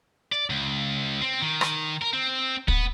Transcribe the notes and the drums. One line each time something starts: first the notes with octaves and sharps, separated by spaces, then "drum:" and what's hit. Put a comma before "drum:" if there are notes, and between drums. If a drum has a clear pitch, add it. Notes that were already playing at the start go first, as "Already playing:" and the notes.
D5
C#2
C4
D#3
drum: rim click
A#4
C4
B3, drum: kick